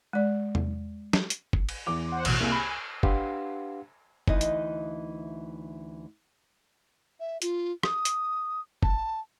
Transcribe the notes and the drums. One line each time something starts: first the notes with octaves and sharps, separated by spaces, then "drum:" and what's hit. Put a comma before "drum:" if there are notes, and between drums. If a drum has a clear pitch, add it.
G#3 D5
drum: tom E2
drum: snare
drum: hi-hat
drum: kick
drum: cymbal
E2 D6 F7
C5 F#5
A1 B2 F#4, drum: cymbal
C2 A#3 G#4
G#5 B5 A#6
D4 G4 B4 F5 F#5 C6, drum: kick
D2 E3 D#4 D#5, drum: kick
drum: hi-hat
E5
F4, drum: hi-hat
D#6, drum: rim click
drum: hi-hat
A5, drum: kick